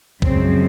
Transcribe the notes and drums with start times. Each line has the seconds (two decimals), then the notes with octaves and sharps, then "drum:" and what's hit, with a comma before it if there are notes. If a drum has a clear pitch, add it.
0.22 F#2 C#3 F3 G#3 C4, drum: kick C2